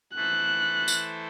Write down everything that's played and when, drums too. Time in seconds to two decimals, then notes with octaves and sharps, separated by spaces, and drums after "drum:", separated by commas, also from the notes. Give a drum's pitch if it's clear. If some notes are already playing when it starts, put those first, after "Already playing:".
0.15 E3 A3 E4 A4 C5 F#6
0.88 drum: tambourine